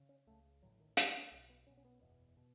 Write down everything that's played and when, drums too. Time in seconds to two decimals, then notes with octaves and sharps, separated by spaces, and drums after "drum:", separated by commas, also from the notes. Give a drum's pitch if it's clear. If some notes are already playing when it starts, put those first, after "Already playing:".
Already playing: C#3
0.09 C#4
0.27 C#2 C#3 A3
0.62 A1 A2 F#3
0.80 D#3
0.97 A1 A2 E3, drum: hi-hat
1.32 B1 B2
1.50 B3
1.67 B1 B2 C#4
1.77 C#4
1.85 B3
2.01 F#1 E2 B2
2.37 B2